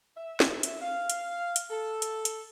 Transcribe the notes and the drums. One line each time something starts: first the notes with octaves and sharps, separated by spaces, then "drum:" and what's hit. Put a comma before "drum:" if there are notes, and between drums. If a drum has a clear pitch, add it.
E5
drum: snare
drum: hi-hat
F5
drum: hi-hat
drum: hi-hat
A4
drum: hi-hat
drum: hi-hat